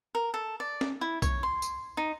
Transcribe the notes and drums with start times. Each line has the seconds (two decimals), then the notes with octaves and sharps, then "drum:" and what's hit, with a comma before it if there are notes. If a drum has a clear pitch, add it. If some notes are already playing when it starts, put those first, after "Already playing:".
0.15 A#4
0.34 A4
0.60 D5
0.81 drum: snare
1.01 E4
1.22 C#5, drum: kick, tambourine
1.43 C6
1.62 drum: tambourine
1.97 D#4